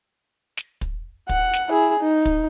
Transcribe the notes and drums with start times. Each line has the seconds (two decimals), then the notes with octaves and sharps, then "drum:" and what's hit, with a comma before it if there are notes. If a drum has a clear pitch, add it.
0.57 drum: snare
0.81 drum: kick, hi-hat
1.29 F#5, drum: kick, hi-hat
1.53 drum: snare
1.69 E4 G#4
1.99 D#4
2.25 drum: kick, hi-hat